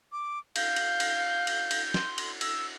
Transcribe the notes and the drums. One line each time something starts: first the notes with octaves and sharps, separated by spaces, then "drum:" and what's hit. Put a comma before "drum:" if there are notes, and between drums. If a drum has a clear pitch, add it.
D6
F5 G6, drum: cymbal
drum: cymbal
drum: cymbal
drum: cymbal
drum: cymbal
C6, drum: snare
drum: cymbal
E6, drum: cymbal